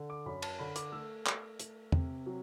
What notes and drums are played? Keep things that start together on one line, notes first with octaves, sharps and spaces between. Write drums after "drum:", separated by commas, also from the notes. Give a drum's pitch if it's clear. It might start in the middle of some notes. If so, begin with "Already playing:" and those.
Already playing: D3
D6
F#2 B5
A5, drum: cymbal
D3 B5
D6, drum: hi-hat
A3 E6
A3, drum: clap
A3, drum: hi-hat
C3, drum: tom E2
F#3